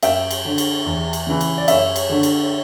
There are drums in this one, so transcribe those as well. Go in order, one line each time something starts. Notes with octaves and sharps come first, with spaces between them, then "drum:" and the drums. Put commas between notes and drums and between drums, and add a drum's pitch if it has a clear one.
F#2 E5 G5, drum: cymbal
drum: cymbal
D3
drum: cymbal
E2
drum: cymbal
C#3 E3
drum: cymbal
D5
F#2 C#5 E5, drum: cymbal
drum: cymbal
D3
drum: cymbal